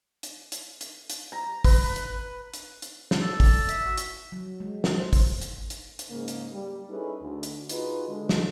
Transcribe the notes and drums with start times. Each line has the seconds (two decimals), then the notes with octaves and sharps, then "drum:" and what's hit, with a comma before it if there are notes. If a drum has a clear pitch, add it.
0.23 drum: hi-hat
0.52 drum: hi-hat
0.81 drum: hi-hat
1.10 drum: hi-hat
1.32 A#5
1.64 B4, drum: kick, open hi-hat
1.96 drum: hi-hat
2.54 drum: hi-hat
2.82 drum: hi-hat
3.11 drum: snare
3.21 A4 D5 E6
3.40 drum: kick, open hi-hat
3.69 E5, drum: hi-hat
3.85 F#4
3.97 drum: hi-hat
4.32 F#3
4.60 G#3
4.84 drum: snare
4.98 C5
5.13 drum: kick, open hi-hat
5.41 drum: hi-hat
5.70 drum: hi-hat
5.99 drum: hi-hat
6.10 G#2 C#3 A#3
6.28 drum: hi-hat
6.52 G3
6.89 C#4 D#4 E4 G#4 A4 B4
7.21 D2
7.43 drum: hi-hat
7.69 D#4 F4 F#4 G#4 B4, drum: hi-hat
8.08 D3 G#3
8.29 drum: snare